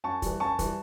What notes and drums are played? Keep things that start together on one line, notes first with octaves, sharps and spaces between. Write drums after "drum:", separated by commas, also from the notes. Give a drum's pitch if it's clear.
F#2 A5 C#6
E3 G3, drum: kick, hi-hat
F#2 A5 C#6
E3 G3, drum: kick, hi-hat